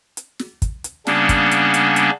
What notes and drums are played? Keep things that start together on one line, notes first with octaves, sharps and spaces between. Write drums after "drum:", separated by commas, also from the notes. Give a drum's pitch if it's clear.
drum: hi-hat
drum: snare
drum: kick, hi-hat
drum: hi-hat
C#3 G3 A#3 B3 C#4 D4, drum: snare
drum: kick, hi-hat
drum: hi-hat
drum: hi-hat
drum: hi-hat